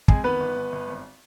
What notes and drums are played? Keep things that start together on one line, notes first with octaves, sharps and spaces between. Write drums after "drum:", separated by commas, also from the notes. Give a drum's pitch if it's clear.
F2 G#3 G#4, drum: kick
D#3 B3 B4
G1
G1
G1
G#1